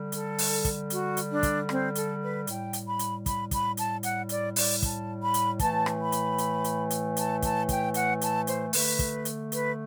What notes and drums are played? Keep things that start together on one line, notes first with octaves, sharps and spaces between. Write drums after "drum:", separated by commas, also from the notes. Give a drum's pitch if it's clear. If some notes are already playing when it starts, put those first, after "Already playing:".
Already playing: D3 G3
A4, drum: hi-hat
drum: open hi-hat
drum: kick, hi-hat
F#4, drum: hi-hat
drum: hi-hat
D4
drum: kick, hi-hat
C4, drum: rim click
A4, drum: hi-hat
B4
A2 G3 G5, drum: hi-hat
drum: hi-hat
B5
drum: hi-hat
B5, drum: kick, hi-hat
B5, drum: kick, hi-hat
A5, drum: hi-hat
F#5, drum: hi-hat
D5, drum: hi-hat
D5, drum: open hi-hat
A5, drum: kick, hi-hat
B5
drum: hi-hat
A2 E3 A3 A5, drum: kick, hi-hat
drum: rim click
B5
drum: hi-hat
drum: hi-hat
drum: hi-hat
drum: hi-hat
A5, drum: hi-hat
A5, drum: kick, hi-hat
G5, drum: kick, hi-hat
F#5, drum: hi-hat
A5, drum: hi-hat
C5, drum: hi-hat
D3 A3 B4, drum: open hi-hat
drum: kick, hi-hat
drum: hi-hat
B4, drum: hi-hat